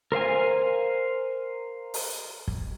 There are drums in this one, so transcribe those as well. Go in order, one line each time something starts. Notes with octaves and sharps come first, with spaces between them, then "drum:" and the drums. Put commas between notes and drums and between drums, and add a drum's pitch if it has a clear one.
A#4 C5 F5 G#5
drum: open hi-hat
drum: kick